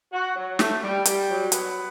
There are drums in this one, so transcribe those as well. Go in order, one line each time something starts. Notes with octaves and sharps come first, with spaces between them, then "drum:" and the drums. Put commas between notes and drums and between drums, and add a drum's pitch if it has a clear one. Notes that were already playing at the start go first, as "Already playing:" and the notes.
F#4
F#3
A3, drum: snare
G3
G3, drum: hi-hat
F#3
B3, drum: hi-hat